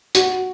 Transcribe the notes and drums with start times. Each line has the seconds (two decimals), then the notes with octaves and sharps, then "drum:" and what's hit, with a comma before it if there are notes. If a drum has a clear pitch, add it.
0.15 F#4, drum: hi-hat